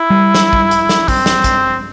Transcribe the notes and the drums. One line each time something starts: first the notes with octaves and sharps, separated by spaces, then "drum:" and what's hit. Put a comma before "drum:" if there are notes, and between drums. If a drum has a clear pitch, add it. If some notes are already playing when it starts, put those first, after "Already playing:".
Already playing: E4
G3
drum: snare
drum: kick
drum: hi-hat
drum: snare
C4, drum: kick, open hi-hat
drum: snare
drum: kick, hi-hat